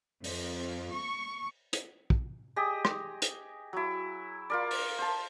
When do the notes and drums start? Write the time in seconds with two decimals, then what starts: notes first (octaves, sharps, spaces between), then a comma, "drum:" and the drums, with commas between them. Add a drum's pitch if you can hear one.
0.24 F2, drum: open hi-hat
0.94 C#6
1.73 drum: hi-hat
2.10 drum: kick
2.56 G4 G#4 D#5
2.85 drum: rim click
3.22 drum: hi-hat
3.73 F#3 E4
4.50 F4 A#4 D5
4.71 drum: open hi-hat
4.99 C5 A5